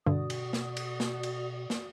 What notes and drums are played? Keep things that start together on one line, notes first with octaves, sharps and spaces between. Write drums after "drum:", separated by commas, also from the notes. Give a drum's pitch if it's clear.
G2 B2 D3 F#4 D5 D#6
drum: cymbal
drum: snare
drum: cymbal
drum: snare
drum: cymbal
drum: snare